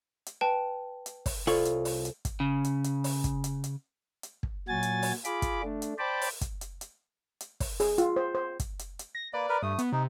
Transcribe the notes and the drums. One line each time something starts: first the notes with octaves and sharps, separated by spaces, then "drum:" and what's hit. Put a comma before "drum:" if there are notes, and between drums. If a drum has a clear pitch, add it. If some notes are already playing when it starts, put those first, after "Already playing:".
drum: hi-hat
B4 G5 A5
drum: hi-hat
drum: kick, open hi-hat
C2 F4 A4 C#5, drum: open hi-hat
drum: hi-hat
drum: open hi-hat
drum: hi-hat
drum: kick, hi-hat
C#3
drum: hi-hat
drum: hi-hat
drum: open hi-hat
drum: kick, hi-hat
drum: hi-hat
drum: hi-hat
drum: hi-hat
drum: kick
A#2 F#3 F#4 G#5 A6
drum: hi-hat
drum: open hi-hat
F4 G#4 B5 D6, drum: hi-hat
drum: kick, hi-hat
A3 D4
drum: hi-hat
C5 D5 G5 A5 B5 D6
drum: open hi-hat
drum: kick, hi-hat
drum: hi-hat
drum: hi-hat
drum: hi-hat
drum: kick, open hi-hat
G#4, drum: open hi-hat
F4, drum: hi-hat
C5
C5
drum: kick, hi-hat
drum: hi-hat
drum: hi-hat
A#6
A#3 B4 D5
A#4 B4
G2 A3 D#6
B3, drum: hi-hat
C3 D#4